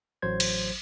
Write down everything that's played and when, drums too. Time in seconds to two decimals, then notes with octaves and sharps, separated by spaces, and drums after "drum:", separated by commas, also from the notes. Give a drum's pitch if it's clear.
0.22 A1 F#3 C5 G#6
0.40 drum: cymbal